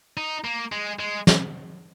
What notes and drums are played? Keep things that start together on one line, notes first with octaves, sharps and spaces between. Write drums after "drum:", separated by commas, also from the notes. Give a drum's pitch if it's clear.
D#4
A#3
G#3
G#3
drum: snare